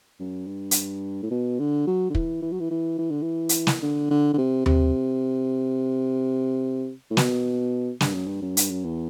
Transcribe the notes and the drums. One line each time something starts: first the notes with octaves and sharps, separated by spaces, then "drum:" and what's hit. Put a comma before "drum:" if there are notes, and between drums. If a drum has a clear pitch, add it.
F#2
G2
drum: hi-hat
A2
B2
D3
F#3
D3
E3, drum: kick
E3
F#3
E3
E3
E3
D3
E3
drum: hi-hat
drum: snare
D3
D3
D3
C3
C3, drum: tom D#2
A2
B2, drum: snare
G2, drum: snare
F#2
G2
F#2
G2, drum: hi-hat
F#2
E2